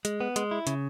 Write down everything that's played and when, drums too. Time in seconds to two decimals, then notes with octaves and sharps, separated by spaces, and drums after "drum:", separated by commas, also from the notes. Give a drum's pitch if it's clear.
0.05 G#3, drum: hi-hat
0.20 B3
0.36 G#3, drum: hi-hat
0.51 E4
0.67 C#3, drum: hi-hat